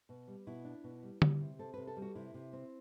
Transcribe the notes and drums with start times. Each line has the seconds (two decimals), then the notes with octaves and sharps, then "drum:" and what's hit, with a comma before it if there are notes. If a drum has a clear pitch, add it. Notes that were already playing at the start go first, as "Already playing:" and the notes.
0.09 B2
0.28 G3
0.47 B2 E4
0.65 D4
0.84 B2
1.03 G3
1.22 G3, drum: tom D3
1.40 C3
1.59 C4 A4
1.74 C3 B4
1.87 A4
1.97 G3
2.02 F#4
2.15 C3 E4
2.34 C3
2.53 C4